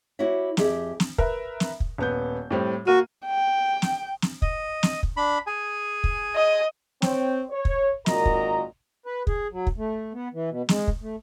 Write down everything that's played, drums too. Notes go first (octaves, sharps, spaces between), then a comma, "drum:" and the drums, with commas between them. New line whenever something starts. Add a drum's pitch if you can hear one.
E4 F#4 G4 C#5 E5
F2 G4 G#4 E5, drum: snare
drum: snare
A#4 B4 E5, drum: kick
drum: snare
drum: kick
D#1 B3 G6
A2 G3 C4
A#3 F#4 F6 D#7
G5
drum: snare
drum: snare
D#5, drum: kick
drum: snare
drum: kick
D4 B5
G#4 G#5
drum: kick
D#5
C4 C#5 G5, drum: snare
C#5
drum: kick
G#1 A#2 F#4 A#4 D#5 A#5, drum: snare
drum: kick
B4
G#4, drum: kick
F#3
drum: kick
A3
B3
E3
B2
G#3, drum: snare
drum: kick
A3